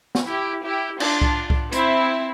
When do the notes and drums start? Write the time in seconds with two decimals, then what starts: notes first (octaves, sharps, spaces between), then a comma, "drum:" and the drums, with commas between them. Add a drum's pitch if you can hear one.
0.15 drum: snare
0.27 E4 G4
0.64 E4 G4
1.00 D4 F4, drum: cymbal
1.22 drum: kick C2
1.50 drum: kick C2
1.73 C4 E4, drum: hi-hat